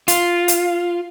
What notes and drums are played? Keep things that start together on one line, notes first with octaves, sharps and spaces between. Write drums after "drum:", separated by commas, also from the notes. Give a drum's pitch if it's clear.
F4, drum: hi-hat
drum: hi-hat